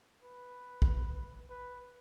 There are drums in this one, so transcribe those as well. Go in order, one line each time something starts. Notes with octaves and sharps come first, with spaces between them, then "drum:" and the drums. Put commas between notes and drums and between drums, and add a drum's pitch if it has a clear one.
B4
drum: kick
B4